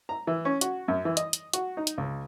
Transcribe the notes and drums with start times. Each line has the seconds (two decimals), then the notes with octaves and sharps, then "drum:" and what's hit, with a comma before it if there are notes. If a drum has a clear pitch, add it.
0.09 A#5
0.27 E3
0.45 C#4
0.61 F#4, drum: hi-hat
0.88 F#2
1.05 E3
1.17 D#5, drum: hi-hat
1.33 drum: hi-hat
1.53 F#4, drum: hi-hat
1.77 D#4
1.87 drum: hi-hat
1.98 C#2